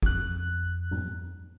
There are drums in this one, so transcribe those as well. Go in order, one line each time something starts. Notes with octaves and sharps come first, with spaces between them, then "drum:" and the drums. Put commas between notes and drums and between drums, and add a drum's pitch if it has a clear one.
F2 F#6, drum: kick
drum: tom G#2